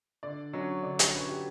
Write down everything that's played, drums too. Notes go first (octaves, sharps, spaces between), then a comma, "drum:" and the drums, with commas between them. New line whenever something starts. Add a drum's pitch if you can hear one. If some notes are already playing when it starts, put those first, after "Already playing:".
D3 D5
F#3 C#4
D3 D5
C#5, drum: hi-hat
F#3 C#4 B4
G4